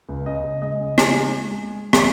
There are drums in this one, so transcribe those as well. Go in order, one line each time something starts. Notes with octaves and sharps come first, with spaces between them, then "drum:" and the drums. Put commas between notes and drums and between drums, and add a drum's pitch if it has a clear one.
C#2
C#3 D#5
C#3
G#3 D#5
C#3
C#3 G#5, drum: rim click
G#3
G#3
G#3
drum: rim click